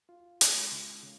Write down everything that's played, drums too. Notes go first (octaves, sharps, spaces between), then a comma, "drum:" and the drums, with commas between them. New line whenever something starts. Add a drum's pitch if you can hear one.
F4
G#3, drum: hi-hat
C#3
C#3